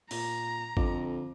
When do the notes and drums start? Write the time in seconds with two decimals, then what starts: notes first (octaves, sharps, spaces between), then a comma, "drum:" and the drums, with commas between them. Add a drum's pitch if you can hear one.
0.11 A#2 A#5, drum: open hi-hat
0.77 F2 D3 D6, drum: kick